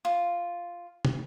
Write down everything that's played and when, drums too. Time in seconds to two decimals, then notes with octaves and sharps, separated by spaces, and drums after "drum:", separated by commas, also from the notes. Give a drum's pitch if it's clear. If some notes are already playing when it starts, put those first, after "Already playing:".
0.05 F4
1.05 drum: tom